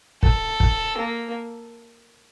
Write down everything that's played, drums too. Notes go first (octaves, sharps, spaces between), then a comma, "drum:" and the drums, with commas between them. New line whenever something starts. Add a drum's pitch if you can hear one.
A4, drum: kick
drum: kick
A#3